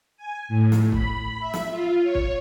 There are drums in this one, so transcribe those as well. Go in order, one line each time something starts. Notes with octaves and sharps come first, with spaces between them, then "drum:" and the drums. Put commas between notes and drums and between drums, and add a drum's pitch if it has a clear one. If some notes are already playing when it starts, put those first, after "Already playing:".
G#5
A2
drum: snare
B5, drum: kick
E5
drum: snare
F4
C#5
drum: kick